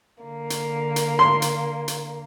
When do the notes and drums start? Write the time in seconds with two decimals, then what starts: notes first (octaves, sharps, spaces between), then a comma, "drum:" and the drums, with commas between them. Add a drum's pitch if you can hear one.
0.22 D3 A#3
0.50 drum: hi-hat
0.96 drum: hi-hat
1.19 C6
1.42 drum: hi-hat
1.88 drum: hi-hat